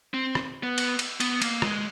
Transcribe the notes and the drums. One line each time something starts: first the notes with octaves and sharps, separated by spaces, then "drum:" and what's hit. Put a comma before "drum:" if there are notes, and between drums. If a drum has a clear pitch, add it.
C4
drum: rim click
B3
drum: cymbal
drum: cymbal
B3, drum: cymbal
A#3, drum: cymbal
G#3, drum: rim click